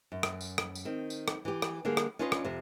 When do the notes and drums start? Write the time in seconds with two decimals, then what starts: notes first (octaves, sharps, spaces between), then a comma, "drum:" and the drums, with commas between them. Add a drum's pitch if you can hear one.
0.12 F#2
0.23 drum: rim click
0.41 drum: tambourine
0.58 drum: rim click
0.75 drum: tambourine
0.85 D#3 C4
1.10 drum: tambourine
1.28 drum: rim click
1.45 E3 G4
1.62 drum: rim click
1.85 D3 G3 A#3 G#4
1.97 drum: rim click
2.19 C#4 D4 F4 B4 C#5 D#5
2.32 drum: rim click
2.45 F2 C3